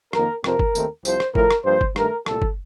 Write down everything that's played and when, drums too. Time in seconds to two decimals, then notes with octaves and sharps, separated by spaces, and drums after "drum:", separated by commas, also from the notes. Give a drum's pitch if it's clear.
0.13 F2 D#3 A#3 A#4, drum: rim click
0.44 F2 C3 F3 C4 A#4, drum: rim click
0.59 drum: kick
0.75 D#2 D#3 A3 C4, drum: tambourine
1.05 C2 C3 F3 C4 C5, drum: tambourine
1.20 drum: rim click
1.35 A2 F3 A3 A#4, drum: kick
1.51 drum: rim click
1.65 G2 F3 A#3 C5
1.81 drum: kick
1.96 G2 D#3 A3 A#4, drum: rim click
2.26 C2 A#2 A3 A4, drum: rim click
2.42 drum: kick